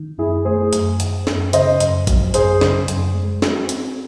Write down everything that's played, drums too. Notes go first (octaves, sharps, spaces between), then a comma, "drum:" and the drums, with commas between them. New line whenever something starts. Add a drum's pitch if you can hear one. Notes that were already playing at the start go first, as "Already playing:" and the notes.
Already playing: D#3
F#2 E4 G#4
A3 G#4 C5
F#2, drum: hi-hat
D#3, drum: hi-hat
F#2, drum: snare
C#3 C5 D#5, drum: hi-hat
F#2, drum: hi-hat
F#3, drum: kick A1, hi-hat
F#2 G#4 C5, drum: hi-hat
C#3, drum: snare
F#2, drum: hi-hat
G#3
F#4, drum: snare
C4, drum: hi-hat